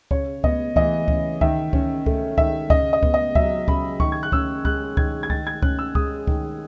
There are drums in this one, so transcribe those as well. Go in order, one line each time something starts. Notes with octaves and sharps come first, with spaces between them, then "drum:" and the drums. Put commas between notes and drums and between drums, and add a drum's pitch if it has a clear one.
C#3 C#5, drum: kick C#2
B3 D#5, drum: kick C#2
E3 D#5, drum: kick C#2
C#3, drum: kick C#2
D#3 E5, drum: kick C#2
C#4, drum: kick C#2
A3, drum: kick C#2
D#3 E5, drum: kick C#2
C#3 D#5, drum: kick C#2
D#5
B3, drum: kick C#2
D#5
F#3 E5, drum: kick C#2
C#3 B5, drum: kick C#2
D#3 C#6, drum: kick C#2
G#6
F#6
C#4 E6, drum: kick C#2
G#3 F#6, drum: kick C#2
D#3 G#6, drum: kick C#2
G#6
D#3 A6, drum: kick C#2
G#6
C#4 F#6, drum: kick C#2
E6
G#3 D#6, drum: kick C#2
D#3, drum: kick C#2